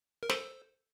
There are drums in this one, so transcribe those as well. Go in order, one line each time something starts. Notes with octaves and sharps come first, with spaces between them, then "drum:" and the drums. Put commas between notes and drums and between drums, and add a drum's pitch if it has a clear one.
A#4
A4 C5, drum: snare